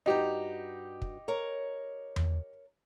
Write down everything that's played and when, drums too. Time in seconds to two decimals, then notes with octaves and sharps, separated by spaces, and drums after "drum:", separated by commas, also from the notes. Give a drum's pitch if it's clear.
0.06 G2 D#4 F#4 G4 A#5
1.02 drum: kick
1.28 A#4 C#5 A#5
2.16 drum: tom E2